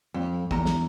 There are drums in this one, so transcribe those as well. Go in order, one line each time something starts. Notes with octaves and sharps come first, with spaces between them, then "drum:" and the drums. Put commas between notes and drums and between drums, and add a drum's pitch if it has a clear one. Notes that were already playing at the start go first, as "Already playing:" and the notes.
F2
E2 A#5, drum: kick
drum: snare